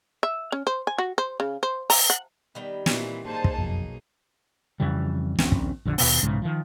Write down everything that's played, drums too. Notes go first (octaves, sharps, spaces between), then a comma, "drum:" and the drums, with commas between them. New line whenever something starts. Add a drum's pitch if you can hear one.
E5
C#4
C5
G#5
F#4
C5
C#3
C5
A#5, drum: open hi-hat
F#5
D#3 G3 B3 G5
A#2 E3 C4, drum: snare
A#3 D#4 G#4 C5 A5
drum: kick
F#1 B1 F2
F2 C#3 E3 G3
D#1 A#1 C4 C#4, drum: snare
drum: kick
A#1 F2 D3
D#2 B2 B3, drum: open hi-hat
B1 G#2 C#3 E3
D#3 F3